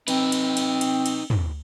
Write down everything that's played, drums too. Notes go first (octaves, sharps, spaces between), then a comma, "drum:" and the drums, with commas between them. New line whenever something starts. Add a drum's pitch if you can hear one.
C4 D#4 B4, drum: cymbal
drum: cymbal
drum: cymbal
drum: cymbal
drum: cymbal
drum: tom